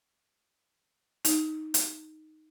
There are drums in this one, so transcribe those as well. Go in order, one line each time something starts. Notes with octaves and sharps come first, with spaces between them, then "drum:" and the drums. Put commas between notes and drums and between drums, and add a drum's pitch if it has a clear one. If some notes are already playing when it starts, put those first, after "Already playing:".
D#4, drum: hi-hat
drum: hi-hat